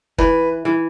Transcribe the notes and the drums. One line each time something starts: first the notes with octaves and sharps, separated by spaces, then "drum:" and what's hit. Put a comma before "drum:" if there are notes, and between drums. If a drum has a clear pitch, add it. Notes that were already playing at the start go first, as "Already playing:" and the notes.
E3 B4, drum: kick
E3